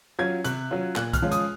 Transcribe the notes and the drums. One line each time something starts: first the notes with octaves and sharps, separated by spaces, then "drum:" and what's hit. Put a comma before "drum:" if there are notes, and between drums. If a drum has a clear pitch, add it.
F#3 C#4 F4 G#6
C3 F#6, drum: hi-hat
F#3 C#4 F4
A#2 F#6, drum: clap
F6, drum: kick B1, hi-hat
F3 G#3 C#4 F4
D#6, drum: hi-hat